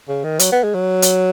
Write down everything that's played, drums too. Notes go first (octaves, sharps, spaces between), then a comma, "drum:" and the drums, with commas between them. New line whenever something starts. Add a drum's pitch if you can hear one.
C#3
D#3
F#3, drum: hi-hat
B3
G#3
F#3
drum: hi-hat